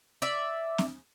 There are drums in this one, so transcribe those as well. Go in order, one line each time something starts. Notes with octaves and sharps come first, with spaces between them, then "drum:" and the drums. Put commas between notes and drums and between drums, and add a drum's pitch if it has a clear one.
D5 E5
drum: snare C4